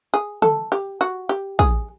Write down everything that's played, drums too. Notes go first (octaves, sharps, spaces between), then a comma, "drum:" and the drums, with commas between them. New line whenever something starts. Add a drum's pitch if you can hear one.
G#4
A4, drum: tom
G4, drum: hi-hat
F#4
G4
G#4, drum: kick